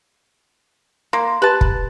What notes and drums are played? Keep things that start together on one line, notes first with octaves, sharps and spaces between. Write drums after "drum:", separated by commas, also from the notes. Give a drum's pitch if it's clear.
A#3 C6
G4 B4 A5
drum: kick